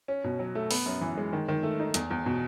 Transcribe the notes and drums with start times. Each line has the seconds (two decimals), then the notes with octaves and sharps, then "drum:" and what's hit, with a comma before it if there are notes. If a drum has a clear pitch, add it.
0.08 C#4
0.24 B2
0.39 F#3
0.55 A3
0.71 B3, drum: open hi-hat
0.86 F#2
1.01 E3
1.18 G#3
1.33 D#3
1.48 D#3
1.63 A3
1.80 D#4
1.94 E2, drum: hi-hat
2.11 E2
2.26 B2